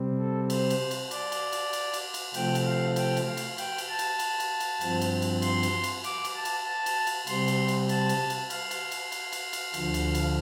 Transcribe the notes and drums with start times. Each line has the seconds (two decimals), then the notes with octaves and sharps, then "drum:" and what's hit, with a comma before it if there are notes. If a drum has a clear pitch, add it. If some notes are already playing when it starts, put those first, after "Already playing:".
Already playing: C3 G3 C4
0.19 A4
0.50 C5, drum: cymbal
0.70 drum: cymbal
0.91 drum: cymbal
1.11 D5, drum: cymbal
1.32 drum: cymbal
1.53 drum: cymbal
1.73 drum: cymbal
1.94 drum: cymbal
2.14 drum: cymbal
2.34 C3 F3 A3 C4 G5, drum: cymbal
2.55 drum: cymbal
2.65 F5
2.96 G5, drum: cymbal
3.17 drum: cymbal
3.27 F5
3.37 drum: cymbal
3.58 G5, drum: cymbal
3.78 drum: cymbal
3.88 A5
3.99 drum: cymbal
4.19 drum: cymbal
4.40 drum: cymbal
4.60 drum: cymbal
4.81 G2 F3 C4, drum: cymbal
5.01 drum: cymbal
5.22 drum: cymbal
5.42 C6, drum: cymbal
5.63 drum: cymbal
5.84 drum: cymbal
6.04 D6, drum: cymbal
6.25 drum: cymbal
6.35 A5
6.45 drum: cymbal
6.65 A5
6.86 drum: cymbal
7.07 drum: cymbal
7.27 C3 G3 C4 C6, drum: cymbal
7.48 drum: cymbal
7.68 drum: cymbal
7.89 A5, drum: cymbal
8.09 drum: cymbal
8.30 drum: cymbal
8.50 F5, drum: cymbal
8.71 drum: cymbal
8.91 drum: cymbal
9.12 drum: cymbal
9.33 drum: cymbal
9.53 drum: cymbal
9.74 D2 D3 F3, drum: cymbal
9.94 drum: cymbal
10.15 drum: cymbal